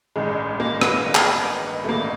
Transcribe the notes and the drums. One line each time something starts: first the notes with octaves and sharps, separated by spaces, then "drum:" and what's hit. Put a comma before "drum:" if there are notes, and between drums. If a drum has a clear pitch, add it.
A1 G2 D#3 G#3
A#3
B3, drum: rim click
A1 G2 D#3
drum: clap
A3
A1 G2 D#3 A#3